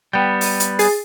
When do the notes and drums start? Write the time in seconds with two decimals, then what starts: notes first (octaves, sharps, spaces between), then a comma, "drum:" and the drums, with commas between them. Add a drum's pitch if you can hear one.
0.13 G3 B3 G5
0.41 drum: open hi-hat
0.60 drum: hi-hat
0.79 G#4 A6 C7, drum: open hi-hat